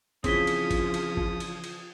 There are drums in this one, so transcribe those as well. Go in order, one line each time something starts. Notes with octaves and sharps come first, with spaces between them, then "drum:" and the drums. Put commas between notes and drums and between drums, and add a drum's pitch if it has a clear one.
C#3 E3 F3 C4 G#4 D#6 B6 G7, drum: kick, cymbal
drum: cymbal
drum: kick, cymbal
drum: cymbal
drum: kick
drum: cymbal
drum: cymbal